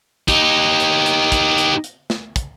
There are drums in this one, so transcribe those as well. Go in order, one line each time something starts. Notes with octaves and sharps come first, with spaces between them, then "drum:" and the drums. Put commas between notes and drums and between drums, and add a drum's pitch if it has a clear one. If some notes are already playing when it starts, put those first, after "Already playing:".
D#4 G4, drum: kick, hi-hat
drum: hi-hat
drum: hi-hat
drum: kick, hi-hat
drum: hi-hat
drum: hi-hat
drum: snare
drum: kick, hi-hat